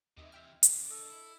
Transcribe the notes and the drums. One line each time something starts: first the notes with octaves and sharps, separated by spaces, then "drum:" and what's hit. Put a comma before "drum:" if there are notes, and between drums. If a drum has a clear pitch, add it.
D#2 C3 E3 D#5 E5
E5 G5 F6
B2 D3, drum: hi-hat
A4 D#5
E4